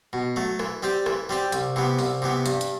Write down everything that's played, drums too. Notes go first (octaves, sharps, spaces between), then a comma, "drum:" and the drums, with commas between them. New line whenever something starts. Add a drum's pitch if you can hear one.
B2
F#3 A3
E3, drum: rim click
G3 C4 G4
E3, drum: rim click
G3 C4 G4
C2, drum: hi-hat
C3 E3 B3
C2, drum: open hi-hat
C3 E3 B3
G2, drum: hi-hat
drum: hi-hat